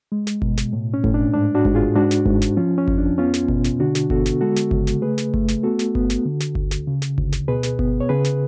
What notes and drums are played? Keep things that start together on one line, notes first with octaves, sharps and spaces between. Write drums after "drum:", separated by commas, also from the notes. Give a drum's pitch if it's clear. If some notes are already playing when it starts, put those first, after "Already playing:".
G#3
drum: snare
B2, drum: kick G1
drum: snare
A2
C#4
A2, drum: kick G1
D4
G#2 D4
D4 F#4
G#2, drum: kick G1
F4 G#4
G#2 D4 F#4
drum: snare
G#2, drum: kick G1
drum: snare
F3 C#4 F4
C#4
F2, drum: kick G1
D4
B3 C#4 F4
drum: snare
B2, drum: kick G1
drum: snare
D3 D4 F#4
drum: snare
B3 F#4 A4, drum: kick G1
drum: snare
G#3 F#4 A4
drum: snare
C#3, drum: kick G1
drum: snare
A3 G#4 B4
drum: snare
A3, drum: kick G1
drum: snare
B3 F#4 A4
drum: snare
B3, drum: kick G1
drum: snare
D3
drum: snare
D2, drum: kick G1
drum: snare
C#3
drum: snare
D2, drum: kick G1
drum: snare
B2 G#4 B4
drum: snare
B3, drum: kick G1
C#5
C#3 G#4 B4
drum: snare